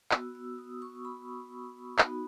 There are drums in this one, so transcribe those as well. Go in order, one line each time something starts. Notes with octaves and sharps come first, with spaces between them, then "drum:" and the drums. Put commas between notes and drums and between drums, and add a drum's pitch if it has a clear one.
B3 F#4 E6, drum: clap
E6
D#6
C#6
B5
B3 D#4 F#4 B5, drum: clap